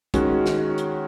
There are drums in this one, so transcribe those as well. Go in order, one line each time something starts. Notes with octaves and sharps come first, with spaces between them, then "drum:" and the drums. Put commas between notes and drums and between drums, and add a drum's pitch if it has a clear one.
D#3 G#3 C#4 F#4, drum: kick, hi-hat
drum: snare
drum: hi-hat